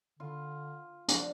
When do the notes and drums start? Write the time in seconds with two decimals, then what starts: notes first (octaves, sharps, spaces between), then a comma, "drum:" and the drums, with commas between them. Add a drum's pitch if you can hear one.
0.19 D3 F4
1.08 F3 D4, drum: hi-hat